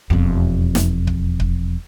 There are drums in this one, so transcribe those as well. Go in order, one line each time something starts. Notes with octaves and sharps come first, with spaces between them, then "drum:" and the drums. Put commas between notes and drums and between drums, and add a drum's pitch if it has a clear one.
E1 F2
drum: snare
drum: kick C#1
drum: kick C#1